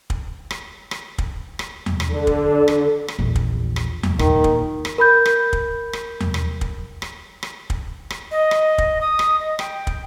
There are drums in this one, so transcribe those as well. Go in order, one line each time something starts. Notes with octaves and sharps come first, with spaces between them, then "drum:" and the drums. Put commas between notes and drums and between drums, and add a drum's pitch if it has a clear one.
drum: kick
drum: rim click
drum: rim click
drum: kick
drum: rim click
drum: tom E2
drum: rim click
D3
drum: kick
drum: rim click
drum: rim click
A#1 E2
drum: kick
drum: rim click
drum: tom E2
A#2 D#3, drum: rim click
drum: kick
drum: rim click
A#4 B5 G6
drum: rim click
drum: kick
drum: rim click
drum: tom E2
drum: rim click
drum: kick
drum: rim click
drum: rim click
drum: kick
drum: rim click
D#5
drum: rim click
drum: kick
D#6
drum: rim click
D#5
G5, drum: rim click
drum: kick